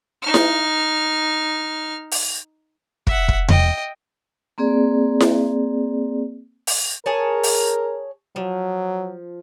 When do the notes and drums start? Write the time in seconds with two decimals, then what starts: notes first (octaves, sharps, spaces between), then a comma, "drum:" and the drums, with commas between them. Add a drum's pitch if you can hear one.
0.22 D#4 F6
0.34 drum: snare E4
2.11 drum: open hi-hat
3.07 E5 F#5, drum: kick
3.28 drum: kick
3.48 D#5 G5, drum: tom E2
4.58 A#3 C4 G#4 D5
5.20 drum: snare E4
6.67 drum: open hi-hat
7.06 G#4 A#4 C#5 A5
7.43 drum: open hi-hat
8.36 F3 F#3